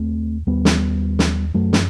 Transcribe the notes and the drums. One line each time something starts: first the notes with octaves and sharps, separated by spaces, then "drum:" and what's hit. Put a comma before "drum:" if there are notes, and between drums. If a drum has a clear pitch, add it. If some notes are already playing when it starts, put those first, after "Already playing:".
Already playing: D#2 A3 C4
D#2 G3 B3
drum: snare
drum: snare
F#2 F#3 A3
drum: snare